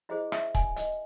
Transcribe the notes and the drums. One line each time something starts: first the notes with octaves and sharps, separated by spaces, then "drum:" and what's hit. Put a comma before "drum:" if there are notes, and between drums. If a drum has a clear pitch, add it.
E4 G#4 C5 D#5
E5, drum: rim click
G#5, drum: kick
D#5, drum: hi-hat